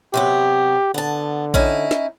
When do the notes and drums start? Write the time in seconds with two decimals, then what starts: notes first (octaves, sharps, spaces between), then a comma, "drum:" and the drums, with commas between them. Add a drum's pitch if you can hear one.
0.14 C3 F#3 B3 G4
0.94 D3 B3 A5
1.54 C#4 D#4 E4, drum: kick A#1
1.91 drum: snare